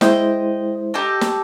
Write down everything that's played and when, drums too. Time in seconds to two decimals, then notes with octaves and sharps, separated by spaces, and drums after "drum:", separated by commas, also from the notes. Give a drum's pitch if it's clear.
0.01 G#3 E4 C5 D#5 G5, drum: snare
0.94 G4 A4 D#5
1.21 drum: snare